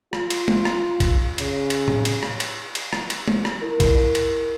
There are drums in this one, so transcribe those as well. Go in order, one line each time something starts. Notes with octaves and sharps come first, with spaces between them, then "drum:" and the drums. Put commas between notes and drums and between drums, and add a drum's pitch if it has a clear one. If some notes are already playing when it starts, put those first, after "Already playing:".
F4, drum: rim click
drum: cymbal
drum: tom
drum: rim click
drum: kick A#1, cymbal
C#3, drum: cymbal
drum: cymbal
drum: tom A2
drum: cymbal
drum: rim click
drum: cymbal
drum: cymbal
drum: rim click
drum: cymbal
drum: tom
drum: rim click
E4 A#4
drum: kick A#1, cymbal
drum: cymbal